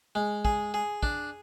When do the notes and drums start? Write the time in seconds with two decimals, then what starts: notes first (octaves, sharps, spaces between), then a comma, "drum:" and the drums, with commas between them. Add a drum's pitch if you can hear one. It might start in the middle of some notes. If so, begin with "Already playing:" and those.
0.15 G#3
0.45 G#4, drum: kick
0.74 G#4
1.03 D4, drum: kick